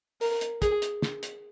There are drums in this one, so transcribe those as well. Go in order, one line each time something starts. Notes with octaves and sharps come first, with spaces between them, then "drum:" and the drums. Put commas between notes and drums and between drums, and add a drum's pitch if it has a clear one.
A#4, drum: open hi-hat
drum: hi-hat
G#4, drum: kick, hi-hat
drum: hi-hat
drum: snare
drum: hi-hat